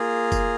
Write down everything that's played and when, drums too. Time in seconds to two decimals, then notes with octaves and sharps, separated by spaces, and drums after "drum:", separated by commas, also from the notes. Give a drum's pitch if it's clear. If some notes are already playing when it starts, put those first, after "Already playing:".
Already playing: A#3 F4 G#4
0.32 drum: kick, tambourine